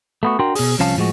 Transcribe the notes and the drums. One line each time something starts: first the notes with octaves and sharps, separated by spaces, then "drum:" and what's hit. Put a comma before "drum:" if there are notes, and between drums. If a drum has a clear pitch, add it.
A3 B3 F#4
D4 F#4 A#4 G5 C6
B2 G#4, drum: open hi-hat
C2 F3 C#4 F5 A5
A2 F3 G#3 F#4